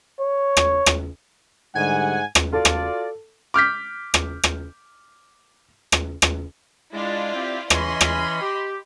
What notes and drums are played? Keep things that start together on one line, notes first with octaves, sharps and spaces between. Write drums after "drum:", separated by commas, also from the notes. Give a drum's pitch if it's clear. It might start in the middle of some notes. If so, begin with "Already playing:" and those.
C#5
drum: rim click
drum: rim click
G#2 D3 G3 F#5 G#5
drum: rim click
F4 F#4 A4 D5
drum: rim click
D6 F6 G6 B6
drum: rim click
drum: rim click
drum: rim click
drum: rim click
G#3 D4 E4 F4 D5
C4 G4
E3 C#4 D#5 B5 C6, drum: rim click
drum: rim click
G4